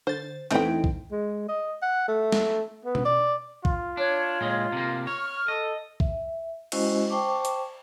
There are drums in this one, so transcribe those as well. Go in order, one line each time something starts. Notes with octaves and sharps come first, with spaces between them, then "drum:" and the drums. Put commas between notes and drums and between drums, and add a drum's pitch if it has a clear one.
D3 C5 A6
E2 E3 A3 C4 D#4 E4 G5, drum: clap
drum: kick B1
G#3
D#5
F#5
A3
drum: snare
B3
drum: tom B2
D5
F4, drum: kick B1
D4 C#5
A#2 G#3
C3 A#3
C#5 C#6 F6
A4 D#5
E5, drum: kick B1
G#3 C#4 E4 F#4 C5 D#5, drum: cymbal
C5 G5 A5 C#6 D6
drum: hi-hat